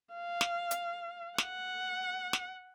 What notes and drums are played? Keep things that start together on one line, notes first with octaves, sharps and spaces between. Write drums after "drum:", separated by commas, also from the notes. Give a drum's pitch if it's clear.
F5
drum: snare
drum: hi-hat
F#5, drum: snare
drum: snare